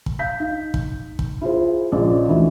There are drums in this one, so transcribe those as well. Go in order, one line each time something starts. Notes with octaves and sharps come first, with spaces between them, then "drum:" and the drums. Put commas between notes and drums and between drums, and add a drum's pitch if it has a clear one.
drum: kick
F5 G6 B6
D#4
drum: kick
drum: kick
E4 F4 G#4 C5
A#1 F3 C#4 F4 D5 D#5
D2 E3 A3 F#4